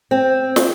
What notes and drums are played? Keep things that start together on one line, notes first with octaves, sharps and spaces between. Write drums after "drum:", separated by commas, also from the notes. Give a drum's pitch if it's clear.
C4
drum: snare